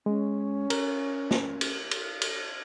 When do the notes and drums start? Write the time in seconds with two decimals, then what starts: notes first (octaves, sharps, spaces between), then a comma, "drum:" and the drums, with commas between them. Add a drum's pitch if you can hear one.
0.06 G#3 C#4
0.70 A#4, drum: cymbal
1.31 drum: snare
1.61 drum: cymbal
1.91 drum: cymbal
2.22 drum: cymbal